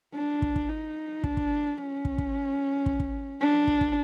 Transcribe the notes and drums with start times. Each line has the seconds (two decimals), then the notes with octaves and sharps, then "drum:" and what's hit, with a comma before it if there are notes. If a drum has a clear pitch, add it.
0.15 D4
0.42 drum: kick
0.56 drum: kick
0.69 D#4
1.24 D4, drum: kick
1.37 drum: kick
1.78 C#4
2.05 drum: kick
2.18 drum: kick
2.86 drum: kick
3.00 drum: kick
3.41 D4
3.67 drum: kick
3.81 drum: kick